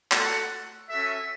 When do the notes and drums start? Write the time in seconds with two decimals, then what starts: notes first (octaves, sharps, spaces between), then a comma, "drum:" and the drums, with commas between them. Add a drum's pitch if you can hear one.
0.12 A3 F#4 A4 F#5, drum: clap
0.89 C#4 F#4 A4 E5